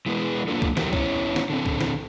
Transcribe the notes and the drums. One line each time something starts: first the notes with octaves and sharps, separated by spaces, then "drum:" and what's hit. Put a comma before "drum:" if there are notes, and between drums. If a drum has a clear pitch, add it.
E3 G#3 B3
F#2 C#3 A#3 D4 F4 A4
drum: kick C2
E3 F#3 G3 G4 A#4, drum: snare
B3 C#4 E4 C#5, drum: kick C2
drum: snare
D3 C4 A4
drum: kick C2
drum: snare